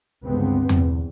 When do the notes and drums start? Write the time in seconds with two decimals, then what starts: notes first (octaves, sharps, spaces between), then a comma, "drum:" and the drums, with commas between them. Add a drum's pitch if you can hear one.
0.24 C#2 G2 D3 B3 C4
0.69 E2, drum: tom E2